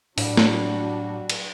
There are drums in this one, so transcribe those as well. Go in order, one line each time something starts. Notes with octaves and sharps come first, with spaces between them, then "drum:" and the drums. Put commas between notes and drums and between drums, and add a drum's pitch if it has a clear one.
A2 F#3 G3 D4 F#4, drum: open hi-hat
drum: snare
drum: cymbal